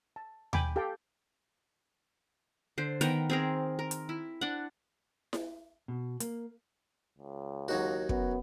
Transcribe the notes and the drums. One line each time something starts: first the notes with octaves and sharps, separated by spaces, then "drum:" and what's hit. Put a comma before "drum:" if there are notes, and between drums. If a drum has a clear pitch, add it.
A5
G5 G#5 B5 D6, drum: tom D#2
G4 A4 F5 G5 A5
D3 C5
D#3 B3 A#4 G5, drum: hi-hat
C4 G#4 A#4
A#4
drum: hi-hat
E4
D4 F#5
drum: snare E4
B2
A#3, drum: hi-hat
C#2
D#2 F#3 D#4 F#4
F#2 B3, drum: kick